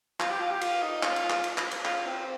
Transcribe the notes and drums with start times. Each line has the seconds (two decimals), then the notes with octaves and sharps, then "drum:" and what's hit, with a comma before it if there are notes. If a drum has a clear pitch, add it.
0.20 F4, drum: clap
0.30 G4
0.40 F4
0.51 G4
0.61 F4, drum: cymbal
0.82 D#4
1.03 F4, drum: clap
1.16 drum: cymbal
1.30 drum: clap
1.44 drum: cymbal
1.58 drum: clap
1.71 drum: cymbal
1.85 F4, drum: clap
2.06 C4